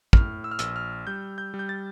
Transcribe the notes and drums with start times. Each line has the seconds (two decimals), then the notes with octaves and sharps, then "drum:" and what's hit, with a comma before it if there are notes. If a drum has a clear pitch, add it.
0.13 A2 F6, drum: kick
0.44 E6
0.52 F6
0.59 A#1 E6, drum: hi-hat
0.76 F6
1.07 G3 G6
1.38 G6
1.54 G3
1.59 G6
1.69 A6